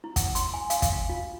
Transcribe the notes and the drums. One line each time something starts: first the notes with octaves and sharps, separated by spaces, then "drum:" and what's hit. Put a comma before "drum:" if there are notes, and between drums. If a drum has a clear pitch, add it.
E4
F#5, drum: kick, hi-hat
C6, drum: hi-hat
G#5
F5, drum: hi-hat
F5, drum: kick, hi-hat
F4